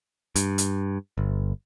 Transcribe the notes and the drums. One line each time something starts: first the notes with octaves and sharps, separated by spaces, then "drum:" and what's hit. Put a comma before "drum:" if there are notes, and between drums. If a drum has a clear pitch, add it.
G2, drum: hi-hat
drum: hi-hat
G1